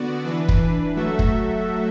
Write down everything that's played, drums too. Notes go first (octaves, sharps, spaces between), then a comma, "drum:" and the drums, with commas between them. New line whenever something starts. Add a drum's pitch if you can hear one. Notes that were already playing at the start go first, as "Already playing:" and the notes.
Already playing: D3 B3 F#4 D5
E3 D4 B4
drum: kick
F#3 A3 F#4 A4 E5
drum: kick